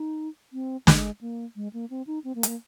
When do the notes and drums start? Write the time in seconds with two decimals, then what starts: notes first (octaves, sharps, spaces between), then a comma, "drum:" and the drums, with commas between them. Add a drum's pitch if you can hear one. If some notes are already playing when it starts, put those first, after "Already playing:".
Already playing: D#4
0.53 C4
0.87 G#3, drum: snare
1.21 A#3
1.56 G#3
1.73 A#3
1.90 C4
2.07 D#4
2.24 C4
2.35 A#3
2.43 G#3, drum: hi-hat
2.47 A#3